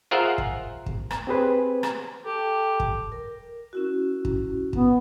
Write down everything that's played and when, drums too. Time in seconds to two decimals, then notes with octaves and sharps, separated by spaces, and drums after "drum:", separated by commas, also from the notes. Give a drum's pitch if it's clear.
0.11 F4 G#4 A#4 C5 E5 F#5
0.38 drum: kick
0.86 drum: kick
1.11 drum: rim click
1.27 C4 G4 G#4 B4 C5
1.83 drum: rim click
2.26 G4 A4
2.80 drum: kick
3.12 A#4
3.73 C#4 E4 F#4
4.25 drum: kick
4.73 B3, drum: kick